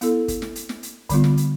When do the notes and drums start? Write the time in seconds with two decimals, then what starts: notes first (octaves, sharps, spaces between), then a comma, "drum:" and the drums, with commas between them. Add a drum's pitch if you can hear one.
0.01 B3 E4 A4, drum: hi-hat
0.28 drum: kick, hi-hat
0.42 drum: snare
0.56 drum: hi-hat
0.69 drum: snare
0.83 drum: hi-hat
1.09 D3 G3 B3 F4, drum: kick, hi-hat
1.24 drum: snare
1.37 drum: hi-hat